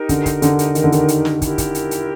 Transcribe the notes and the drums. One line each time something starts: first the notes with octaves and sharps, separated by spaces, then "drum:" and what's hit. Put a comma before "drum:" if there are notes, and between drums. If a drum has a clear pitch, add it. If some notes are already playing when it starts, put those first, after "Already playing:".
Already playing: D#4 G4 A#4
D3, drum: kick, hi-hat
drum: kick, hi-hat
D3, drum: hi-hat
drum: hi-hat
D#3, drum: hi-hat
D3
D#3, drum: hi-hat
drum: hi-hat
drum: snare
E4 G4 A#4, drum: kick, hi-hat
drum: kick, hi-hat
drum: hi-hat
drum: hi-hat